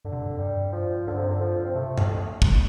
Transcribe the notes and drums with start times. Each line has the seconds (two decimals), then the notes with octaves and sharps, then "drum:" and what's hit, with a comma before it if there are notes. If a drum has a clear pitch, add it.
0.04 G2 D3
0.12 C3
0.22 G2
0.30 F2
0.38 G2 G3
0.72 F3
1.07 G2 D3
1.18 C3
1.29 D3
1.41 F3
1.65 C4
1.75 C3 A3
1.98 drum: tom G2
2.42 drum: kick